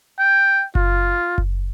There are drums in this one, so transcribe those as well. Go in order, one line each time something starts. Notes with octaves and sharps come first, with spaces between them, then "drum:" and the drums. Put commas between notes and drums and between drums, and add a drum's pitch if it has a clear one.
G5
F4, drum: kick F#1
drum: kick F#1